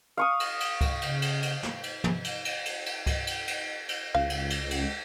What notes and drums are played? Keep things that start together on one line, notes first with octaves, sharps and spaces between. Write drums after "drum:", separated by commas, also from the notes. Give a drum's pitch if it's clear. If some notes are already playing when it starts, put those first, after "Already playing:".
F5 C#6 D#6
drum: cymbal
drum: cymbal
drum: kick C#2, cymbal
C#3, drum: cymbal
drum: cymbal
drum: cymbal
drum: snare
drum: cymbal
drum: tom
drum: cymbal
drum: cymbal
drum: cymbal
drum: cymbal
drum: kick C#2, cymbal
drum: cymbal
drum: cymbal
drum: cymbal
C#2 F5
drum: cymbal
drum: cymbal
drum: cymbal